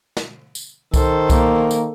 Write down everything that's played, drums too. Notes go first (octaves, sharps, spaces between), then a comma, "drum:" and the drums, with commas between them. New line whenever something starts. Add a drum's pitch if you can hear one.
drum: snare
drum: tambourine
D#3 A4 C5, drum: kick C2, tambourine
A#3, drum: kick C2, tambourine
drum: tambourine